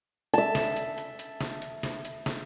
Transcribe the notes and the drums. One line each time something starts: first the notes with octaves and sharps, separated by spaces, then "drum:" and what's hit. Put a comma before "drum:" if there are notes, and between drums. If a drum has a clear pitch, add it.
E5 A5, drum: hi-hat
drum: snare
drum: hi-hat
drum: hi-hat
drum: hi-hat
drum: snare
drum: hi-hat
drum: snare
drum: hi-hat
drum: snare